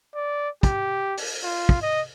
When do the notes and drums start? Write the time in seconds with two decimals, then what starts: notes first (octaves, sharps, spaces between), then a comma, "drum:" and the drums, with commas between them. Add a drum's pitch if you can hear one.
0.15 D5
0.63 G4, drum: kick, hi-hat
1.18 drum: open hi-hat
1.43 F4
1.69 drum: kick
1.82 D#5